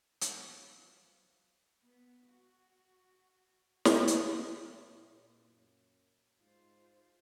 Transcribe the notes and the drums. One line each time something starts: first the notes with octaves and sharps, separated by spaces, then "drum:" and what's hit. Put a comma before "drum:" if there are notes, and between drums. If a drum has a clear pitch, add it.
F#3 B3 F4 B4 C5 F5, drum: hi-hat
B3
F#4
drum: snare
drum: hi-hat
A#2
F#2
G#2 F4 C5